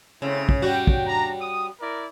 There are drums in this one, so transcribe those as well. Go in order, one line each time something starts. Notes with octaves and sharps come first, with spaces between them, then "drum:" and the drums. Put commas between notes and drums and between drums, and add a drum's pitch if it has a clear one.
C#3 A3 C4 E4
drum: kick
G3 F#4 G5
drum: kick
D4 A#5
D#6
E4 A#4 D5